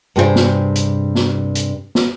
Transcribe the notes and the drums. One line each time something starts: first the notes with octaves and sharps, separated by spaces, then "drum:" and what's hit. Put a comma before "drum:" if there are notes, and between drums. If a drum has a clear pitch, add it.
G2 C3 G#4 B4 C5 G5
drum: snare
drum: hi-hat
drum: snare
drum: hi-hat
drum: snare